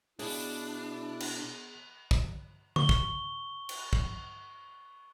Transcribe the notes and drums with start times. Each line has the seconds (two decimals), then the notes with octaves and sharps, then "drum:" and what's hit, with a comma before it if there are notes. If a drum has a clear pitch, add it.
0.19 B2 D4 E4 G#4 C#5 A5, drum: open hi-hat
1.20 drum: cymbal
2.11 drum: kick
2.76 C#6 G7, drum: tom C#3
2.89 drum: kick
3.69 drum: cymbal
3.93 drum: kick